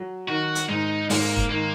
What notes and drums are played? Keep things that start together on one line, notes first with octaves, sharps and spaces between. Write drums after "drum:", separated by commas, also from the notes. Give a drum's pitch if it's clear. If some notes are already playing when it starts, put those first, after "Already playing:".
Already playing: F#3
D#3 F#4
drum: hi-hat
G#2 D#4
G#2 A#3, drum: open hi-hat
drum: kick F1
D#3 A#3